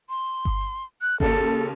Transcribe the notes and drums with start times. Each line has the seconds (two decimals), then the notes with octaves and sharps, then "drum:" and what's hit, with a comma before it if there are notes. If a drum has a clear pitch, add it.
0.09 C6
0.45 drum: kick G1
1.02 F#6
1.20 D#2 C#3 A4, drum: kick G1